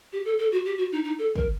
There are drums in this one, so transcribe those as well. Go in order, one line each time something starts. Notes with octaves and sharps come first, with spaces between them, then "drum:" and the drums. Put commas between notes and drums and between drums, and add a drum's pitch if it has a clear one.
G4
A4
A4
F#4
G4
F#4
D#4
D#4
A4
A#4, drum: kick